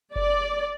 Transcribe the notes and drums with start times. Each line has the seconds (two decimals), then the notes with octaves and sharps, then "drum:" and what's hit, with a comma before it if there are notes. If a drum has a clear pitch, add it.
0.16 D5, drum: kick F#1